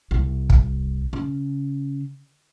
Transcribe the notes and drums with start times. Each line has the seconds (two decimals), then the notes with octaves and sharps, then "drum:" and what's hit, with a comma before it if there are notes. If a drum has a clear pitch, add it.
0.11 C2
0.50 drum: kick
1.13 C#3